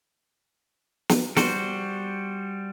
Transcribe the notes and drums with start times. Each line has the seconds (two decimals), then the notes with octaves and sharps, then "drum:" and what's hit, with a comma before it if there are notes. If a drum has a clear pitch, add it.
1.09 drum: snare
1.37 G3 F#4 C5, drum: snare